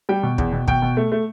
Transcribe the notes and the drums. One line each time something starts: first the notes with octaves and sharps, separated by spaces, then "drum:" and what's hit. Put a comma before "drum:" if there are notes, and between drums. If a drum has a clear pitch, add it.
G3 G5
B2
E2, drum: kick
B2
B2 G5, drum: kick
B2
A3
A3